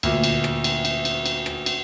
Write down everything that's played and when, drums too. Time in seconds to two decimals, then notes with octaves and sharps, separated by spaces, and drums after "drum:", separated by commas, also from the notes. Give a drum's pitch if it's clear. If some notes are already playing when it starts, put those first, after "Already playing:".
0.03 D2 A#2, drum: cymbal
0.24 drum: cymbal
0.44 drum: rim click
0.64 drum: cymbal
0.85 drum: cymbal
1.05 drum: cymbal
1.26 drum: cymbal
1.46 drum: rim click
1.66 drum: cymbal